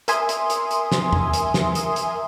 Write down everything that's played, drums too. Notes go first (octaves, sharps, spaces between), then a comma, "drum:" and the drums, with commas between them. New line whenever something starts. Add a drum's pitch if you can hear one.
A#4 E5 G#5 C6 D#6, drum: hi-hat
drum: hi-hat
drum: hi-hat
drum: hi-hat
drum: snare
drum: tom E2
drum: hi-hat
drum: snare
drum: hi-hat
drum: hi-hat